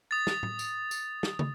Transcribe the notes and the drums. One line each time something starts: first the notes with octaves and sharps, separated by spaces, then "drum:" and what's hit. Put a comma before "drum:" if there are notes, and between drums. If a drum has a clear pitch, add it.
D#6 A6
drum: snare
drum: tom A2
drum: tambourine
drum: tambourine
drum: snare
drum: tom